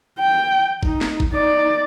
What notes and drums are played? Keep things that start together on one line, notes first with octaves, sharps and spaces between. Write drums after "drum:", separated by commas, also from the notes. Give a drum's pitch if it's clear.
G5
D#4, drum: kick F#1
drum: snare
drum: kick F#1
D#4 D5